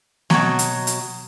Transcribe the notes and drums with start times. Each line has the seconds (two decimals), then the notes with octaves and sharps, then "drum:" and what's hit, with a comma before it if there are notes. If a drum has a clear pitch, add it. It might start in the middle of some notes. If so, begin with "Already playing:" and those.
0.30 B2 F#3, drum: snare A#3
0.59 drum: hi-hat
0.87 drum: hi-hat